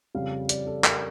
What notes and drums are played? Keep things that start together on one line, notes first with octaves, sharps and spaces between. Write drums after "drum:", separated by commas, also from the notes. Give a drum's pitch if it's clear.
F2 C#3 G3 F5
D5, drum: hi-hat
A4
A#4, drum: clap